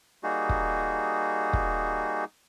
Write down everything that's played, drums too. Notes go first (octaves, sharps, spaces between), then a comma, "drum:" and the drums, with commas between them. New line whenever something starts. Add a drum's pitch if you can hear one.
G3 A#3 D#4 F#4 G#4
drum: kick
drum: kick